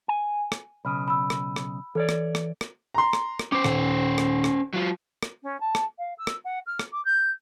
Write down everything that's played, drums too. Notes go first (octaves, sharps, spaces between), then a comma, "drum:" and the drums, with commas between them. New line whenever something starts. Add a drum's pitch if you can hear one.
G#5
drum: rim click
B1 C#3 B5 F6
B5 E6
drum: rim click
drum: rim click
E3 A4 C#5 D5
drum: rim click
drum: rim click
drum: rim click
A#5 C6
drum: rim click
drum: rim click
C#4 C5 D6
D#1, drum: rim click
drum: rim click
drum: rim click
F#3 F4
drum: rim click
C#4
A5
drum: rim click
F5
E6
drum: rim click
F#5
F6
drum: rim click
D6
G6